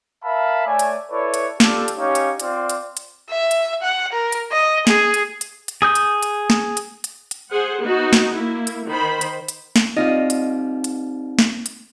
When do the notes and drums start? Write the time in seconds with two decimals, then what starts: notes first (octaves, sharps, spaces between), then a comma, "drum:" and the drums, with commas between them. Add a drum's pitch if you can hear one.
0.24 A#4 E5 F5 A5 B5
0.66 A3 C#5 D5 G#5
0.79 drum: hi-hat
1.11 E4 A4 B4 C#5 D5
1.34 drum: hi-hat
1.60 D4 F4 G4 A4, drum: snare
1.88 drum: hi-hat
1.97 C#4 D#4 G4 C#5 F5
2.15 drum: hi-hat
2.40 C4 F4 D5, drum: hi-hat
2.69 drum: hi-hat
2.97 drum: hi-hat
3.30 E5
3.51 drum: hi-hat
3.82 F#5
4.13 A#4
4.32 drum: hi-hat
4.52 D#5
4.87 G#4, drum: snare
5.14 drum: hi-hat
5.41 drum: hi-hat
5.68 drum: hi-hat
5.82 G#4 D#6 G6
5.95 drum: hi-hat
6.23 drum: hi-hat
6.50 drum: snare
6.77 drum: hi-hat
7.04 drum: hi-hat
7.31 drum: hi-hat
7.50 G#4 C5 F#5
7.82 B3 D#4 F#4
8.13 drum: snare
8.33 A#3 E4
8.67 drum: hi-hat
8.87 D#3 C5 B5
9.21 drum: hi-hat
9.48 drum: hi-hat
9.76 drum: snare
9.97 G3 C4 D#4 F4 D#5
10.30 drum: hi-hat
10.84 drum: hi-hat
11.39 drum: snare
11.66 drum: hi-hat